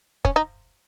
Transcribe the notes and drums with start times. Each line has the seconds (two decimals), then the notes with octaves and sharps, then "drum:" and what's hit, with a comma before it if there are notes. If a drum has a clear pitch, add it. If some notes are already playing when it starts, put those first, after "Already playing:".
0.25 C#4, drum: kick
0.36 D#4